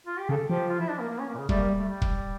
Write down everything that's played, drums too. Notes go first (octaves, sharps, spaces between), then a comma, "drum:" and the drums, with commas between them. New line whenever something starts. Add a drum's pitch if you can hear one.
F4
G4
C#3 A4
F3 G4
F4
E4
D4
A#3
A#3
C#4
A#3
A#2
C#3
G3 A3, drum: kick
A#3
A3
G3
drum: kick